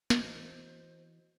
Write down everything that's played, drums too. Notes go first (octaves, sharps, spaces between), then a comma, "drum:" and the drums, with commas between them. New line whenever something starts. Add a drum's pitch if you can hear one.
E3 F#4 C5 D#5, drum: snare